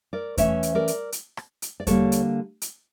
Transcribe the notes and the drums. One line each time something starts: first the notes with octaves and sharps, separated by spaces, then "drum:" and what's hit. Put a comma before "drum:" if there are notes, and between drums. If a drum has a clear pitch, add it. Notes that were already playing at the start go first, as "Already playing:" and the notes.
A#4 D5
E3 A3 C#4 C#5 E5, drum: kick E2, hi-hat
drum: hi-hat
A#4 D5
drum: hi-hat
drum: hi-hat
drum: rim click
drum: hi-hat
D5
D3 G3 A#3 A4 C#5, drum: kick E2, hi-hat
drum: hi-hat
drum: hi-hat